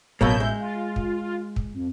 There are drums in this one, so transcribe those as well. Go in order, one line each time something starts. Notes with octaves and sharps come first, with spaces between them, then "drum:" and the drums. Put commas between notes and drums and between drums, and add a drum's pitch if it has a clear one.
A1 B2 F#3 A#3 E5 G6, drum: kick
G#3
F4
drum: kick
drum: kick
F2